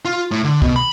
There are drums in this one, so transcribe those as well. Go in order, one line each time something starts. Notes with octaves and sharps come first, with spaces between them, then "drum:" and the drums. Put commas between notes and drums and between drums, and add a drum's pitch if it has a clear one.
F4
A2
D3
B2, drum: kick
B5